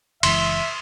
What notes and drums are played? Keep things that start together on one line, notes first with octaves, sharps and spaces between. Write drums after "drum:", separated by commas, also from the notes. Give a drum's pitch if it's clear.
F#1 E3 G#3 E5 C6, drum: cymbal